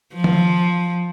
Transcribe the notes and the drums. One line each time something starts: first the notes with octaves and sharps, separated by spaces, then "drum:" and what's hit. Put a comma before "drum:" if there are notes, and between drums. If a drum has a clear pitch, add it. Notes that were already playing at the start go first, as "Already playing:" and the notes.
F3
drum: tom D#3